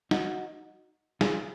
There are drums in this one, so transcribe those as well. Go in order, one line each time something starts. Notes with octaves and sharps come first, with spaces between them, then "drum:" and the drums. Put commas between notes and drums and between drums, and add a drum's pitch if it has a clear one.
D#4 F#4, drum: snare
F4 G#4, drum: snare